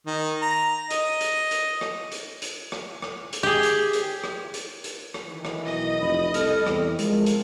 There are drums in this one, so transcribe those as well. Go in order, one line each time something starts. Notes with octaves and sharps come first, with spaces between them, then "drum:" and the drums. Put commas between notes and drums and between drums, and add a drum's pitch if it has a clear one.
D#3
A#5
D#5, drum: hi-hat
drum: hi-hat
drum: hi-hat
drum: rim click
drum: hi-hat
drum: hi-hat
drum: rim click
drum: rim click
drum: hi-hat
G4 G#4
drum: hi-hat
drum: hi-hat
drum: rim click
drum: hi-hat
drum: hi-hat
drum: rim click
D#3 E3
drum: rim click
B1 E4 D#5
F1 B5
C2 A4 F6, drum: hi-hat
E2 G3 C4 A4, drum: rim click
C3 F3 G#3 A#4, drum: hi-hat
drum: hi-hat